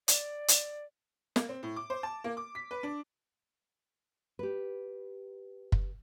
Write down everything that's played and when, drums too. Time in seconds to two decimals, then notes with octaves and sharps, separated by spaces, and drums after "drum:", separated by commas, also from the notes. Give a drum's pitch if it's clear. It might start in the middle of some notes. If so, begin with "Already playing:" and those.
0.08 D5, drum: hi-hat
0.48 drum: hi-hat
1.36 A#3, drum: snare
1.49 C4
1.63 A2
1.76 D6
1.90 C5
2.03 A5
2.24 A#3
2.37 D6
2.55 B6
2.71 B4
2.83 D4
4.39 G4 B4
5.72 drum: kick